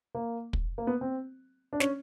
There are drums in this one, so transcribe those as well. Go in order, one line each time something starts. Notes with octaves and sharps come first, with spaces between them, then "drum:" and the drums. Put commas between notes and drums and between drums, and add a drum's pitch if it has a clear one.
A#3
drum: kick
A#3
B3
C4
D4
C#4, drum: snare